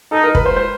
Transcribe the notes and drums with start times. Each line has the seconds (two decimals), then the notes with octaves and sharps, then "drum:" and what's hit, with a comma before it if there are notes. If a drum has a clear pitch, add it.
0.12 D#4 A4
0.23 A#4
0.35 B4, drum: kick
0.46 C5
0.56 C5